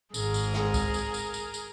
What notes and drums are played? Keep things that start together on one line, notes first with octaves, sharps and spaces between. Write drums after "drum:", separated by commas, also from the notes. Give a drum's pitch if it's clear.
G#1 G#2 G#4 A#4, drum: tambourine
drum: tambourine
drum: snare
drum: kick C2, tambourine
drum: tambourine
drum: tambourine
drum: tambourine
drum: tambourine